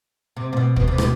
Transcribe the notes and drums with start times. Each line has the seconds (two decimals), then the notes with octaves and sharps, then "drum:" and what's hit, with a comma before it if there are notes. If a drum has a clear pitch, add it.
0.37 C3
0.53 A#2
0.57 B2
0.76 B2, drum: kick
0.88 C3
0.98 B2, drum: rim click